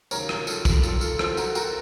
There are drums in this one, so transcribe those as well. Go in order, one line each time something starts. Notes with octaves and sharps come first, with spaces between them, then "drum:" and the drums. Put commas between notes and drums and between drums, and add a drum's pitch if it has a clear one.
D#2 C#3 F#3 A#4 C#5, drum: tambourine
drum: rim click
F4 A4, drum: tambourine
drum: kick, tambourine
F4 A4, drum: tambourine
F4 A4, drum: tambourine
A4 C5, drum: rim click
F#4 A#4, drum: tambourine
F#4 A#4, drum: tambourine